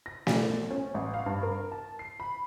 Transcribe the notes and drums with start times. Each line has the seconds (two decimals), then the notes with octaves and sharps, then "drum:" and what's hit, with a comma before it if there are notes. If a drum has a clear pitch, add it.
0.06 A#6
0.27 D5, drum: snare
0.49 B1
0.70 C#4
0.94 A1
1.14 F5
1.26 G2
1.43 A#4
1.72 A5
1.99 C7
2.20 B5